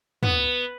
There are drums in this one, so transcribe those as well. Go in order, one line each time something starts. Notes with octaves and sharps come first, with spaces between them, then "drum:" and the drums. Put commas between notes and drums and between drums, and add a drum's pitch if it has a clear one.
B3, drum: tom